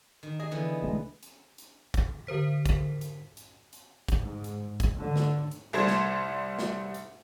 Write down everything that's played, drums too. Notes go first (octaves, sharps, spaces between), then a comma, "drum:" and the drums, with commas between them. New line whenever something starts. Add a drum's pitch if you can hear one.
D#3
G#4 D#5
D3 E3 B3
C2 G#3 A3
drum: hi-hat
drum: hi-hat
drum: kick, hi-hat
D3 A#4 C5 B6
drum: kick, hi-hat
drum: hi-hat
drum: hi-hat
drum: hi-hat
drum: kick, hi-hat
G#2
drum: hi-hat
drum: kick, hi-hat
D3
drum: snare
drum: hi-hat
C2 G3 C5 G#6
drum: snare
drum: snare
drum: hi-hat